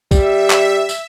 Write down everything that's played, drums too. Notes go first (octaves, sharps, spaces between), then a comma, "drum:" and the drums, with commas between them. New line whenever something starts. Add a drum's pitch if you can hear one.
G3 E5, drum: kick A#1, tambourine
drum: clap
drum: tambourine